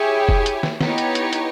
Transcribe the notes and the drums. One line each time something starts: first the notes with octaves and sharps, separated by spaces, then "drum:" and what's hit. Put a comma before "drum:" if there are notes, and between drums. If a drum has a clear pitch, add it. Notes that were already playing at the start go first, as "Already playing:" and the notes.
Already playing: E4 G4 G#4 C#5 G#5
drum: kick
drum: hi-hat
drum: snare
B3 D#4 E4 G4 C#5, drum: snare
drum: hi-hat
drum: hi-hat
drum: hi-hat